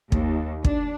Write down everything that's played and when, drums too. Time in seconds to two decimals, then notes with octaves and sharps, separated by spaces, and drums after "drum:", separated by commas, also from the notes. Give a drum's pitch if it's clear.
0.12 D#2, drum: kick
0.65 D4, drum: kick